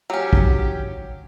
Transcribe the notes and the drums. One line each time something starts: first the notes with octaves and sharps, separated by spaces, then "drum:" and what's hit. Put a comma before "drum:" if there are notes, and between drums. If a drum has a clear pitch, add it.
F#3 C#4 G4
drum: kick